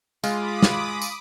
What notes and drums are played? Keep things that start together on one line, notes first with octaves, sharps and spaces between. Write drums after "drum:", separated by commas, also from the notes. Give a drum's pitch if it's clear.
G#3 F4 B5 D6 D#6, drum: tambourine
drum: snare
drum: tambourine